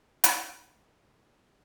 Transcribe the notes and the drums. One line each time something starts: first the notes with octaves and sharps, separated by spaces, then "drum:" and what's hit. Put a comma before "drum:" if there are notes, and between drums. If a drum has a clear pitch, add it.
E3, drum: hi-hat